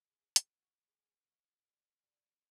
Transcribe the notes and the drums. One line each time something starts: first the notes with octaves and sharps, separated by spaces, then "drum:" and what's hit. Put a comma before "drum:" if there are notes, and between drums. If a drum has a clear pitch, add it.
C#3 G#4
G4, drum: hi-hat
F#3 A3
F#4
A2 G#4
F#3 A3
D3
G3